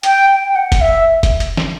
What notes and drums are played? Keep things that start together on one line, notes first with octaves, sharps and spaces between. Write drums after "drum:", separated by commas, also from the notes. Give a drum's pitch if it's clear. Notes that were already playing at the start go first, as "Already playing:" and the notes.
G5, drum: hi-hat
G5
G5
F#5
drum: kick F1, hi-hat
E5
drum: kick F1, hi-hat
drum: hi-hat
drum: snare